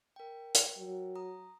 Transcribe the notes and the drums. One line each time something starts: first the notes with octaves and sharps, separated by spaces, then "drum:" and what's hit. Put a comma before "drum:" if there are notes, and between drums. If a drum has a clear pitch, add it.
A#4 G5
drum: hi-hat
F#3
A#5 D#6